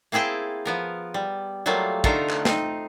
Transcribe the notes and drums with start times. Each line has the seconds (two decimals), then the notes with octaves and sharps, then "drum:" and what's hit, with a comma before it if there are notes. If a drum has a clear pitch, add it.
0.12 A#3 C4 E4 G#4 G5 A5
0.65 F3 B3 A#4
1.14 G3
1.66 F#3 G3 A3 A#3 F4
2.04 D3 A3 D#4 F4 A#4 A#5, drum: kick
2.30 drum: clap
2.45 C4 D#4, drum: snare